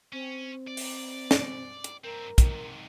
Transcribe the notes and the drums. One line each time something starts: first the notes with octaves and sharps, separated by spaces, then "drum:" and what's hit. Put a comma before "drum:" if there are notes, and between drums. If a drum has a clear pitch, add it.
C4 C#4
D5
drum: open hi-hat
drum: snare
drum: hi-hat
G2 C4 A#4
G#2 C3, drum: kick, hi-hat